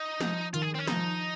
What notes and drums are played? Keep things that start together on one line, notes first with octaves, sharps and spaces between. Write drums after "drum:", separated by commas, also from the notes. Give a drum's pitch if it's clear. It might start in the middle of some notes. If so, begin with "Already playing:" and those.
Already playing: D#4
F3, drum: snare
D#3 F4, drum: hi-hat
G#4
C4
C#4
F3 D#4, drum: snare